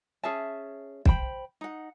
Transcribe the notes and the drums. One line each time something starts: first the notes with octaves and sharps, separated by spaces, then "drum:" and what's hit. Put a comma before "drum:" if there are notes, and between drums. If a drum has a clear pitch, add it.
C#4 G#4 E5 A5
C5 G5 B5, drum: kick
D#4 F#5